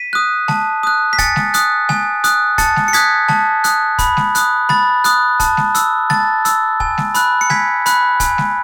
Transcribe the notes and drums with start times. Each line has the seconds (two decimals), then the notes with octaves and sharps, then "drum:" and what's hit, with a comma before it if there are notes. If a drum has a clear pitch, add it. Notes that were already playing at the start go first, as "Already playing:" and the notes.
Already playing: B6 D#7
0.13 D#6 F#6
0.48 A5, drum: snare G#3
0.83 D#6 F#6
1.13 B6
1.19 G#5 A6 C#7, drum: kick, hi-hat
1.36 drum: snare G#3
1.54 D#6 F#6, drum: hi-hat
1.89 G#5, drum: snare G#3
2.24 D#6 F#6, drum: hi-hat
2.58 A5 A6 C#7, drum: kick, hi-hat
2.76 drum: snare G#3
2.88 C#7
2.93 D#6 F#6 G#6 B6, drum: hi-hat
3.29 A5, drum: snare G#3
3.64 D#6 F#6, drum: hi-hat
3.99 B5, drum: kick, hi-hat
4.17 drum: snare G#3
4.35 D#6 F#6, drum: hi-hat
4.69 B5 A6, drum: snare G#3
5.04 D#6 F#6, drum: hi-hat
5.40 A5, drum: kick, hi-hat
5.57 drum: snare G#3
5.75 E6, drum: hi-hat
6.10 A5 A6, drum: snare G#3
6.45 E6, drum: hi-hat
6.80 G#5, drum: kick
6.98 drum: snare G#3
7.15 B5 F#6, drum: hi-hat
7.41 C#7
7.50 G#5 G#6 B6, drum: snare G#3
7.86 B5 F#6, drum: hi-hat
8.20 G#5, drum: kick, hi-hat
8.38 drum: snare G#3